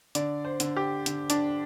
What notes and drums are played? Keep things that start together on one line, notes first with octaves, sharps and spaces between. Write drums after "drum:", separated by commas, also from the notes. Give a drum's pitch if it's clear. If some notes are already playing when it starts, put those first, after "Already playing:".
D3 D5, drum: hi-hat
C5
D3, drum: hi-hat
G4
D3, drum: hi-hat
D4, drum: hi-hat